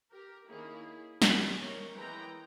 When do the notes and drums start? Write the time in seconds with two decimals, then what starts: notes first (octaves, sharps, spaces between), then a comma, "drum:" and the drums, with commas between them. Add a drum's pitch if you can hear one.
0.11 G4 A#4
0.47 D#3 A#3 C#4 E4 G#4
1.22 D#3 G#3 C#4 G4 A#4, drum: snare
1.58 A#4 C#5
1.96 E3 G#3 B3 G5 A#5